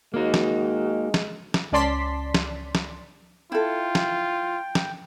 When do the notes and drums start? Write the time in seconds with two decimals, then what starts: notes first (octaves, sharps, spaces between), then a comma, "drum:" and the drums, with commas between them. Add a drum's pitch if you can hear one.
0.14 G#3 A#3 D#4 F#4
0.34 drum: snare
1.14 drum: snare
1.54 drum: snare
1.72 C#2 C#4 D5 A5 C6 B6
2.35 drum: snare
2.75 drum: snare
3.52 E4 F4 A4 G5
3.95 drum: snare
4.75 drum: snare